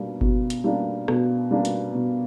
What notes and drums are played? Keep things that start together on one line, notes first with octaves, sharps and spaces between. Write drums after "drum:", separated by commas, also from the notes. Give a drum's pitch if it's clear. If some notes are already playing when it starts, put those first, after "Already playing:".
Already playing: B2 G3 A#3 D4
B2, drum: kick G1
drum: hi-hat
G3 A#3 D4
B2, drum: rim click
G3 A#3 D4
drum: hi-hat
B2